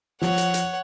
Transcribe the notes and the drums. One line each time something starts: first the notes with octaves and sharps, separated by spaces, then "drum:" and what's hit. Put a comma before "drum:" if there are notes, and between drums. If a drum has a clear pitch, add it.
F3 C#5 F#5, drum: snare
drum: hi-hat
drum: hi-hat